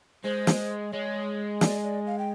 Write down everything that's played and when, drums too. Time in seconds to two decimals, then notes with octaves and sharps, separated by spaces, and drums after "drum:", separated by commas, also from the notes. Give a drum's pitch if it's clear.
0.24 G#3 C5
0.47 drum: snare
0.92 G#3 C#5
1.61 D5, drum: snare
1.84 D5
2.07 F5
2.19 G5